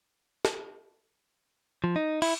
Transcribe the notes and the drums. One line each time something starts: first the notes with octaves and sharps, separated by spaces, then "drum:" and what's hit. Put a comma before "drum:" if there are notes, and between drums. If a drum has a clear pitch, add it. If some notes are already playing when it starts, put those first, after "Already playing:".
drum: snare
F3
D#4
E4, drum: cymbal